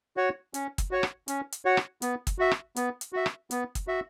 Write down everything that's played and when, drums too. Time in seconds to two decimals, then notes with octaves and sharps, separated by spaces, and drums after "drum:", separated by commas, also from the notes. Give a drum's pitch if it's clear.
0.17 F#4 C#5 F#5
0.54 C#4, drum: hi-hat
0.78 drum: kick, hi-hat
0.91 F#4 C#5 F#5
1.03 drum: rim click
1.28 C#4, drum: hi-hat
1.52 drum: hi-hat
1.65 F#4 C#5 F#5
1.77 drum: rim click
2.02 B3, drum: hi-hat
2.27 drum: kick, hi-hat
2.39 F#4 E5
2.51 drum: rim click
2.76 B3, drum: hi-hat
3.01 drum: hi-hat
3.13 F#4 E5
3.26 drum: rim click
3.51 B3, drum: hi-hat
3.75 drum: kick, hi-hat
3.87 F#4 E5